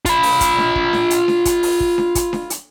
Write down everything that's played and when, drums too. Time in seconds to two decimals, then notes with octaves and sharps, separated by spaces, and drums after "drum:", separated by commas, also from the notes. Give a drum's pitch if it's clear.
0.06 F4 B5, drum: kick, hi-hat
0.23 drum: open hi-hat
0.41 drum: kick, hi-hat
0.58 drum: snare D4
0.75 drum: kick
0.93 drum: snare D4
1.10 drum: hi-hat
1.28 drum: snare D4
1.45 drum: kick, hi-hat
1.63 drum: open hi-hat
1.80 drum: kick
1.98 drum: snare D4
2.15 drum: kick, hi-hat
2.33 drum: snare D4
2.50 drum: hi-hat